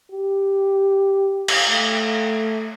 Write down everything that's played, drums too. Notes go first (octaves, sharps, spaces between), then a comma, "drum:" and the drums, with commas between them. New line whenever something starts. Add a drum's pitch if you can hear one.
G4
drum: cymbal
A3